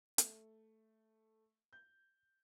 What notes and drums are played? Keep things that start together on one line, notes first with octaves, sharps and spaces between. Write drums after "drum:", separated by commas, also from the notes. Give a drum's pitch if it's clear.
A3, drum: hi-hat
G6